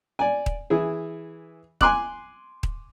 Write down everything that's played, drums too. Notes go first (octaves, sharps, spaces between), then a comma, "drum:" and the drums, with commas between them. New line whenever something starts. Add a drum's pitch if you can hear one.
D5 G#5
drum: kick D#1
E3 E4 G#4
G#5 C6 D6 F#6, drum: kick D#1
drum: kick D#1